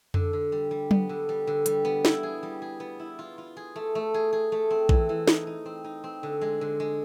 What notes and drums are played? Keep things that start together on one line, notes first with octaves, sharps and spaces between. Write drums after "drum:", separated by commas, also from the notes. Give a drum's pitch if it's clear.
D3, drum: tom F2
D3
G3
G3
B3, drum: tom F#3
D3
G3
D3
G3, drum: hi-hat
B3
E4, drum: snare
G#4
G3
G#4
B3
E4
F4
F4
G#4
A3
A3
G#4
G#4
A3
C4
E3, drum: kick A#1
E3
D#4, drum: snare
D#4
C4
D#4
C4
D3
G#3
D3
G#3